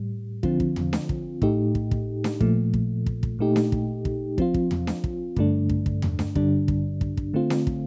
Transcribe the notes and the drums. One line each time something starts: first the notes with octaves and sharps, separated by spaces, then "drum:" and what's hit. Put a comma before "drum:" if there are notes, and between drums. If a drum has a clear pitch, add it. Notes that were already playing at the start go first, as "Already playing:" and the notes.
Already playing: A2 G3
D3 F3 C4 F4, drum: kick
drum: kick
drum: tom E2
drum: snare D4
drum: kick
A2 A3 D#4 G4, drum: kick
drum: kick
drum: kick
drum: snare D4
A#2 F3 A3, drum: kick
drum: kick
drum: kick
drum: kick
A#2 A3 D#4 G4
drum: snare D4
drum: kick
drum: kick
F3 C4 F4, drum: kick
drum: kick
drum: tom E2
drum: snare D4
drum: kick
G2 D3 A3 D4, drum: kick
drum: kick
drum: kick
drum: tom E2
drum: snare D4
G2 D3 G3 D4, drum: kick
drum: kick
drum: kick
drum: kick
D3 A3 C4 F4
drum: snare D4
drum: kick